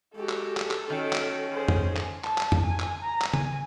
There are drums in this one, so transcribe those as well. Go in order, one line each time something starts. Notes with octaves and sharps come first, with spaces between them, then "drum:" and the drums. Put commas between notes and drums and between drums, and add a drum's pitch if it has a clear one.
G#3 F#4 G4 A4
drum: clap
drum: clap
drum: clap
D#3 C#4 F#4
drum: clap
G#4 C5
drum: tom F2
drum: clap
A5, drum: clap
drum: clap
drum: tom F2
G#5
drum: clap
A#5
drum: clap
G#5, drum: tom